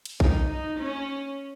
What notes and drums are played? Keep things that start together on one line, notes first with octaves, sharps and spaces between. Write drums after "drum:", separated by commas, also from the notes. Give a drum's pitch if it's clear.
drum: cymbal
D#4, drum: kick A#1
D#4
C#4